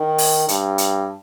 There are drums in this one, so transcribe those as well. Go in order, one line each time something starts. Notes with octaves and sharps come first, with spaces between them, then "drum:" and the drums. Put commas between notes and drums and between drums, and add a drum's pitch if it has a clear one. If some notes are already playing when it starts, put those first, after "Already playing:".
Already playing: D#3
drum: open hi-hat
G2, drum: hi-hat
drum: hi-hat